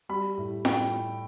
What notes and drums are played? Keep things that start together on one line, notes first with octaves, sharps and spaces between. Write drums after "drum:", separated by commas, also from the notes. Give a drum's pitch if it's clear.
G3 B5
A2
A2 G5, drum: snare F4